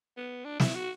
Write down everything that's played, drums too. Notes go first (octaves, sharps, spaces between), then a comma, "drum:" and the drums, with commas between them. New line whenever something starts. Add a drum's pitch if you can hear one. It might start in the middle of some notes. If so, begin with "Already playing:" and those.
B3
D4
E4, drum: snare
F#4